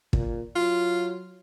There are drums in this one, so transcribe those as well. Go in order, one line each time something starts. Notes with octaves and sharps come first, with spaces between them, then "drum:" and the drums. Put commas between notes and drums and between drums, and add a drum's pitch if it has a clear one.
A#2, drum: kick
F#3 F4